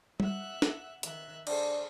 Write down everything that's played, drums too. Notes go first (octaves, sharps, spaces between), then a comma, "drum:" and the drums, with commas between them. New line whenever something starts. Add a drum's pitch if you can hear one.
E5 F#5 F#6, drum: tom G3
drum: snare
D#3 E5 F#6, drum: hi-hat
D4 G#4 A4 C5, drum: cymbal